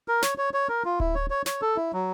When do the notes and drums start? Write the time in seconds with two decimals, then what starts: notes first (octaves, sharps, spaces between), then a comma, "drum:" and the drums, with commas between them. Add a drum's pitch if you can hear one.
0.08 A#4
0.23 C#5, drum: snare
0.38 C#5
0.54 C#5
0.69 A#4
0.85 F4
1.00 E4, drum: kick D1
1.15 C#5
1.30 C#5
1.46 C#5, drum: snare
1.62 A4
1.76 E4
1.93 F#3